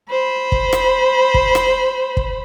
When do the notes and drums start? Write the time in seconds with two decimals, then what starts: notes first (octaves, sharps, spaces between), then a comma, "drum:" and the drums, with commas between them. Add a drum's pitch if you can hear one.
0.11 C5 B5
0.52 drum: kick
0.73 drum: rim click
1.34 drum: kick
1.55 drum: rim click
2.17 drum: kick